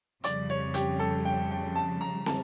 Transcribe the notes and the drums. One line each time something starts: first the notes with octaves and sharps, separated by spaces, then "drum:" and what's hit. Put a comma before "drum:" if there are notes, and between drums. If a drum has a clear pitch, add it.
F2 C#3 G3 D5, drum: hi-hat
C#5
G4, drum: hi-hat
A4
G5
G5
A5
A#5
A5, drum: snare